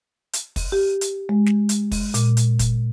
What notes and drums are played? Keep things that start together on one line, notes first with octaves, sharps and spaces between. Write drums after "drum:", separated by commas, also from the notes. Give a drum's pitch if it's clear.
drum: hi-hat
drum: kick, open hi-hat
G4
drum: hi-hat
G#3
drum: snare
drum: hi-hat
drum: kick, open hi-hat
A#2, drum: hi-hat
drum: hi-hat
drum: kick, hi-hat